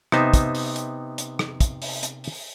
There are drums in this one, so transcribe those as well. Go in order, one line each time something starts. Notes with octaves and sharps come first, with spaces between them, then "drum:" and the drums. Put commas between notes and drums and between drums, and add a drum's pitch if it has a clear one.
C3 B3 D#4 C5 E5 A5, drum: rim click
drum: kick, hi-hat
drum: open hi-hat
drum: hi-hat
drum: hi-hat
drum: rim click
drum: kick, hi-hat
drum: open hi-hat
drum: hi-hat
drum: open hi-hat